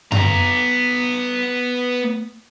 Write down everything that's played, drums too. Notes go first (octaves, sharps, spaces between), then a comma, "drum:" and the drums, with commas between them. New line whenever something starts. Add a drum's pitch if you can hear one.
B3 A#5, drum: tom F#2